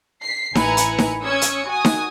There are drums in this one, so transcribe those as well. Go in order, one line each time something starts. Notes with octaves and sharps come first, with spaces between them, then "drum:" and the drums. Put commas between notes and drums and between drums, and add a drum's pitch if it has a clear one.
B6 C7
A1 E4 B4 G#5 A#5 C#7, drum: snare D#4
drum: hi-hat
drum: snare D#4
C#4 D#6 E6 G#6 C#7
drum: hi-hat
F#4 G#5 D#6
drum: snare D#4